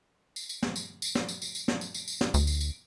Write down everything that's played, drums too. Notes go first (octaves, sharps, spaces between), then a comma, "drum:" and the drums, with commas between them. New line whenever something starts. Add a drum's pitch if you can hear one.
drum: tambourine
drum: tambourine
drum: snare
drum: tambourine
drum: tambourine
drum: snare
drum: tambourine
drum: tambourine
drum: tambourine
drum: snare
drum: tambourine
drum: tambourine
drum: tambourine
drum: snare
D2, drum: tambourine
drum: tambourine
drum: tambourine